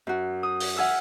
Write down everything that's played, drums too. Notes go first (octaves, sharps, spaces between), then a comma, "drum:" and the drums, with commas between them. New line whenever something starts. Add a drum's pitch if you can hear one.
F#2 F#4
D#6
drum: open hi-hat
E5 F#5 G#5 E6 F6